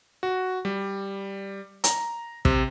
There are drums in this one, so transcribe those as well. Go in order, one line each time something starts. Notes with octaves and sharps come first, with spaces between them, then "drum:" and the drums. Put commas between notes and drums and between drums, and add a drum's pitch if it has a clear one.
F#4
G3
A#5, drum: hi-hat
C3, drum: kick